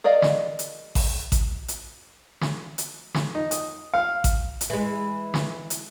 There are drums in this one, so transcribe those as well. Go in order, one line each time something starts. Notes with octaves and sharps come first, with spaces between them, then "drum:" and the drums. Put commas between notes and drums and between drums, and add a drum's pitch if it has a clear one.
G#4 A#4 D5 D#5 F5
drum: snare
drum: hi-hat
drum: kick A1, open hi-hat
drum: kick A1, hi-hat
drum: hi-hat
drum: snare
drum: hi-hat
drum: snare
D#4
D#6, drum: hi-hat
F5
drum: kick A1, hi-hat
drum: hi-hat
E3 G#3
drum: snare
drum: hi-hat